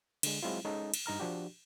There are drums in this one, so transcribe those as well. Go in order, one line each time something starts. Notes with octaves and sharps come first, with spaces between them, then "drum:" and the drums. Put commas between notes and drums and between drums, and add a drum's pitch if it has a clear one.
D3 G#3, drum: cymbal
F#3 G#3 C4 E4 F4
G#3 C#4 D#4 A4
drum: cymbal
G2 D#4 A#5 F6
F3 D4 F#4 G4